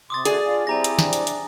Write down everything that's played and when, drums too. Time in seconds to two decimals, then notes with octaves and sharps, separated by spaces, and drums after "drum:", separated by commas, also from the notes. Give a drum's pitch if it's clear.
0.10 C3 C6 D6 D#6 A6
0.25 A3 F#4 G#4 D5, drum: hi-hat
0.45 D4 F4
0.67 G3 C4 E4 G4 G#5 A#5 A#6
0.84 drum: hi-hat
0.99 D4, drum: snare
1.13 drum: hi-hat
1.27 drum: hi-hat